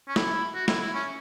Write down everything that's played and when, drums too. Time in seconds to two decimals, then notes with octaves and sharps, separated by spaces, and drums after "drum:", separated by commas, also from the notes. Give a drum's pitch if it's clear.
0.08 C#4
0.16 E4, drum: snare
0.54 F#4
0.68 E4, drum: snare
0.81 E4
0.94 C#4